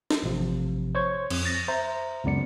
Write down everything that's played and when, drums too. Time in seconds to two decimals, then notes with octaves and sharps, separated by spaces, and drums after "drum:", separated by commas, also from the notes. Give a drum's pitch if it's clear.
0.11 drum: snare
0.23 A1 C3 F3
0.95 C5 C#5 C#6 G#6
1.30 F2, drum: cymbal
1.45 A6 A#6
1.68 C5 E5 A#5
2.24 C#2 F#2 B3 D5 C#7